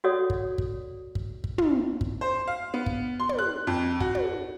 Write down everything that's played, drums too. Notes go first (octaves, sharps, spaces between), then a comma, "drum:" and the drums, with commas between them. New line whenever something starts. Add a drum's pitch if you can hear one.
F#4 A4 C#5 D5 F#5 D#6
drum: kick
drum: kick
drum: kick
drum: kick
drum: tom
drum: kick
C5
F5
B3
drum: kick
C6
drum: tom
F#6
F2
F#4, drum: kick
drum: tom